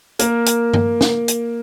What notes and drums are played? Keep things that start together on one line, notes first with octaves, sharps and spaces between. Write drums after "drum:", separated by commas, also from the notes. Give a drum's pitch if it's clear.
A#3 A#4, drum: hi-hat
drum: hi-hat
drum: tom G2
drum: snare
drum: hi-hat